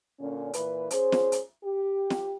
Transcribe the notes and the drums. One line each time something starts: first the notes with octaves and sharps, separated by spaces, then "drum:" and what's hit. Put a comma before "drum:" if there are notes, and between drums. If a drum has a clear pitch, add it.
A#2 D3 C#4
A#2 E3 B4, drum: hi-hat
C#4 G#4 C5, drum: hi-hat
drum: snare
drum: hi-hat
G4
drum: snare